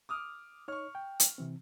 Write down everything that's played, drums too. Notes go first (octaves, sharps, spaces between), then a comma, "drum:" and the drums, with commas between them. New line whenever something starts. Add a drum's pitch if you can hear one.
D6 D#6 F6
D#4 C#5 C#6 F6
G5
drum: hi-hat
C3 E3 C4